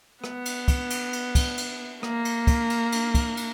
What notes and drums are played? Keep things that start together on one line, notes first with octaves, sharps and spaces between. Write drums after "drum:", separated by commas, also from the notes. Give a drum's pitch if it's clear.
B3, drum: rim click
drum: cymbal
drum: kick, cymbal
drum: cymbal
drum: cymbal
drum: kick, cymbal
drum: cymbal
A#3, drum: rim click
drum: cymbal
drum: kick, cymbal
drum: cymbal
drum: cymbal
drum: kick, cymbal
drum: cymbal